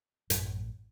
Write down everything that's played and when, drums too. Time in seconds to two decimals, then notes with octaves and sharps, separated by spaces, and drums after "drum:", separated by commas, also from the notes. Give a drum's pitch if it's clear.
0.30 A1 F#2 A2 F#3, drum: hi-hat